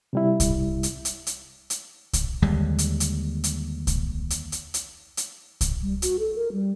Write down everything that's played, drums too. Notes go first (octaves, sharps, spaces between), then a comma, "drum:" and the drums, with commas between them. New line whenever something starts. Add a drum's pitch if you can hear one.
C3 G3 E4
drum: kick C2, hi-hat
drum: hi-hat
drum: hi-hat
drum: hi-hat
drum: hi-hat
drum: kick C2, hi-hat
D#2 D3 G3 G#3
drum: hi-hat
drum: hi-hat
drum: hi-hat
drum: kick C2, hi-hat
drum: hi-hat
drum: hi-hat
drum: hi-hat
drum: hi-hat
drum: kick C2, hi-hat
G3
F#4, drum: hi-hat
A4
A#4
G3